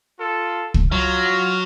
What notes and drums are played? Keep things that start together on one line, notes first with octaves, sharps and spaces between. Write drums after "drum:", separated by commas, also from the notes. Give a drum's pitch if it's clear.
F4 A4
drum: kick
F#3 F4 F6